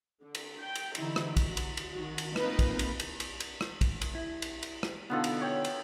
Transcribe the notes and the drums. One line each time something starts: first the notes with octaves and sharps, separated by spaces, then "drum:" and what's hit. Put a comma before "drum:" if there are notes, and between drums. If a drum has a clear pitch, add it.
D3
drum: cymbal
G5
drum: cymbal
D3 E3 D#4 E4, drum: cymbal
drum: rim click
F#4, drum: kick, cymbal
drum: cymbal
drum: cymbal
D#3 F#4
drum: cymbal
A#3 C4 D#4 F4 B4 D#5, drum: rim click
drum: kick, cymbal
drum: cymbal
drum: cymbal
drum: cymbal
drum: cymbal
drum: rim click
drum: kick, cymbal
drum: cymbal
E4
drum: cymbal
drum: cymbal
drum: rim click
B2 D3 B3 D#4 F4 A4
drum: cymbal
C#5 G5
drum: cymbal